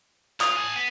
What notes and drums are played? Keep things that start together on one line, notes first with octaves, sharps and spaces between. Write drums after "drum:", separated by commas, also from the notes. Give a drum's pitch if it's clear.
F4 D#6, drum: clap
A4 G#5
B3